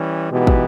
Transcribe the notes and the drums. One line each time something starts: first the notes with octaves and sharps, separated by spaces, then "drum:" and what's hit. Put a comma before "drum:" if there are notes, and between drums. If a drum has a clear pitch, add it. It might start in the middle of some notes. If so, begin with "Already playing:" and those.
Already playing: E3 G3 C#4
B2 E3 G#3 B3 D#4 G4
drum: kick